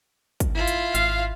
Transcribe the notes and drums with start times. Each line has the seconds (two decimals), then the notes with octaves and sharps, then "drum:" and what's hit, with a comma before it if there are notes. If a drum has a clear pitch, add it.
0.40 drum: kick, hi-hat
0.54 E4 F4
0.68 drum: hi-hat
0.95 G#1 F5, drum: hi-hat